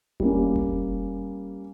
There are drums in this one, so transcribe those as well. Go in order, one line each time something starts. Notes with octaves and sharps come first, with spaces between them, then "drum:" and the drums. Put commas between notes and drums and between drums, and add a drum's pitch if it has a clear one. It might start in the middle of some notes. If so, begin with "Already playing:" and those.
G3 A#3 C#4, drum: kick F1
drum: kick F1